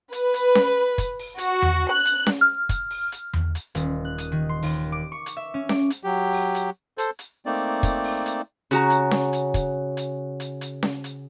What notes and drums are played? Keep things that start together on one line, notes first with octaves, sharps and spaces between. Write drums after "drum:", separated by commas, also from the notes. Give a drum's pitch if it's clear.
B4, drum: hi-hat
drum: hi-hat
drum: snare C#4
drum: kick, hi-hat
drum: open hi-hat
F#4, drum: hi-hat
drum: tom E2
F#6
drum: hi-hat
drum: snare C#4
F6
drum: kick, hi-hat
drum: open hi-hat
drum: hi-hat
drum: tom E2
drum: hi-hat
D#1, drum: hi-hat
F#6
D#6, drum: hi-hat
D#3
C6
D#2, drum: open hi-hat
D6
C#6
drum: hi-hat
E5
C#4
D6, drum: snare C#4
drum: hi-hat
F#3 G4
drum: open hi-hat
drum: hi-hat
A4 C5, drum: hi-hat
drum: hi-hat
A3 A#3 C4 D#4 D5
drum: kick, hi-hat
drum: open hi-hat
drum: hi-hat
C#3 F#4 A#5, drum: hi-hat
drum: hi-hat
drum: snare C#4
drum: hi-hat
drum: kick, hi-hat
drum: hi-hat
drum: hi-hat
drum: hi-hat
drum: snare C#4
drum: hi-hat